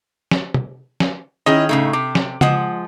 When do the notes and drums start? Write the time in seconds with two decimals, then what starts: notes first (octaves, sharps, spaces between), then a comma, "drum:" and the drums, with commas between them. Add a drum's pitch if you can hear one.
0.31 drum: snare
0.54 drum: tom
1.00 drum: snare
1.46 D#3 C#4 E4 G#4 D#5
1.69 A2 C#3 A3 D#4
1.93 C3 D6
2.15 drum: snare
2.41 F3 G#3 F#5, drum: tom C#3